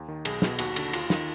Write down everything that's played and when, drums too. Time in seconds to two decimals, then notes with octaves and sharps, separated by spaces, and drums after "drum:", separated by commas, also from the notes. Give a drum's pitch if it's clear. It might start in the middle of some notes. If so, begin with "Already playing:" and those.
Already playing: D#2
0.08 D#3
0.25 B1 G#4, drum: cymbal
0.42 B2, drum: snare
0.59 D#2 F#4, drum: cymbal
0.76 D3, drum: cymbal
0.93 D#2 F4, drum: cymbal
1.10 D#3, drum: snare